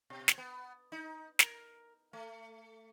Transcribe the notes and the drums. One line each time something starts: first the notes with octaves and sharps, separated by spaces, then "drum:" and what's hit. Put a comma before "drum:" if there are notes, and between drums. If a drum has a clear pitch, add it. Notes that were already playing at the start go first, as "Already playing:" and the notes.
B2
drum: snare
B3
D#4
A#4, drum: snare
A3